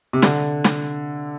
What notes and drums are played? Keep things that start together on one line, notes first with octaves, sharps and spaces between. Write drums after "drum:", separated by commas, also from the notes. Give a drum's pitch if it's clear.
C3
D3, drum: snare
drum: snare